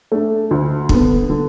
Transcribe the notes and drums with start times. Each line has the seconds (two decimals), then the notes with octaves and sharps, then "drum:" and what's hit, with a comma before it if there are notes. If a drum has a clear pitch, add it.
0.12 A3 D4
0.51 D2
0.89 D3, drum: kick
0.94 B3
1.29 D3